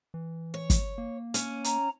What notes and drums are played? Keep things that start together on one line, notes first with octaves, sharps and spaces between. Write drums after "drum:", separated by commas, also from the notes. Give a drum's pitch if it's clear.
E3
C#5
drum: kick, hi-hat
A#3
C#4, drum: hi-hat
A#5, drum: hi-hat